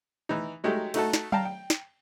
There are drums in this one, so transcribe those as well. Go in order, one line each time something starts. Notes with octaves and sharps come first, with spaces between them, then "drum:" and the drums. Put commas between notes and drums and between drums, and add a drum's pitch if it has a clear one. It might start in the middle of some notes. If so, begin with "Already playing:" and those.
E3 D#4
F#3 G#3 A3 D#4 G4
A3 D#4 F#4 A4, drum: cymbal
drum: snare
F5 G5 A5 A#5, drum: tom F#3
G5
drum: snare